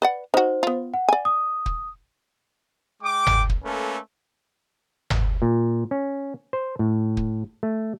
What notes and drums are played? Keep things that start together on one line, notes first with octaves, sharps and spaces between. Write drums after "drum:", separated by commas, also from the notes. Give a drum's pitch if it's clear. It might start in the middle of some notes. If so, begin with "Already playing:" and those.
B4 D5 F#5
D#4 F#4 C5
B3 F4
F#5
D5 G#5
D#6
drum: kick
G#3 G5 D6
drum: tom G1
drum: kick
A3 A#3 C#4 A4 B4
drum: tom G1
A#2
C#4
C5
A2
drum: kick
A3